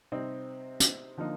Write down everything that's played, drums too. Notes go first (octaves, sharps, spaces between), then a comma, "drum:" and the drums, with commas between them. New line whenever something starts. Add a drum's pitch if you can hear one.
C3 G3 C4 D#4
drum: hi-hat
D3 F3 A#3 D#4